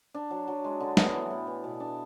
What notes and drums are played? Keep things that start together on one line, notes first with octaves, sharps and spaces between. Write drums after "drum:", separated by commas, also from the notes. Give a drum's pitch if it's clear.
D4
F#3
F#3
G#3
D3
B3, drum: snare
E3
A2
E3
B2
D4